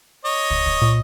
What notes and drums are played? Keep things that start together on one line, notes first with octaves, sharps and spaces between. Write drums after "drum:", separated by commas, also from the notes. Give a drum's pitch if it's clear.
C#5 D#5
drum: kick
drum: kick
A#2